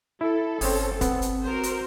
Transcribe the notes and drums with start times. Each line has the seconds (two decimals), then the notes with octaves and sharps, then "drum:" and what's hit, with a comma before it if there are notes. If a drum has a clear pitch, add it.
0.21 E4 A4
0.61 G1 C4 C#4 G#4, drum: open hi-hat
1.01 B3 C4, drum: kick, hi-hat
1.22 drum: hi-hat
1.44 F#4 A#4 C5
1.63 drum: hi-hat